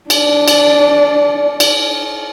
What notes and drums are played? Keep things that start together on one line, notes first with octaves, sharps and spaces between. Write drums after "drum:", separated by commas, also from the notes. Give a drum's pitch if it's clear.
D4 D5, drum: cymbal
drum: cymbal
drum: cymbal